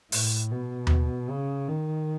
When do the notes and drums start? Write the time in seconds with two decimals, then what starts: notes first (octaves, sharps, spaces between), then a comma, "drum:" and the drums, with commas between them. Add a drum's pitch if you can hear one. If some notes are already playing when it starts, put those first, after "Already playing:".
0.12 A2, drum: open hi-hat
0.52 B2
0.87 drum: tom D#2
1.30 C#3
1.68 D#3